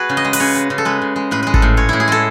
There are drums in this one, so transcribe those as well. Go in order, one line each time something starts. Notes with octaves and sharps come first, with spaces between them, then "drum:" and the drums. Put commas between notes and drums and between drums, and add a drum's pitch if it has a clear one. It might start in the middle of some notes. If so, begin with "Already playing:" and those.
Already playing: F#4 G#4 B4
C#3
D#5
G#3
B4, drum: open hi-hat
C#3 C#5
G#3
C#3
A4
G#3 B4
C#3
G#3
A2 B4
G#3 B4
A4, drum: kick G#1
A2
G#3 C#5
A2 E4
G#4
G#3 A4